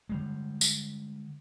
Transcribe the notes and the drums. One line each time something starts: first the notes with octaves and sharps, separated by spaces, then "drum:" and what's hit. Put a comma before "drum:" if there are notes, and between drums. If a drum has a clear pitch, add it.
D3 G3 G#3
drum: tambourine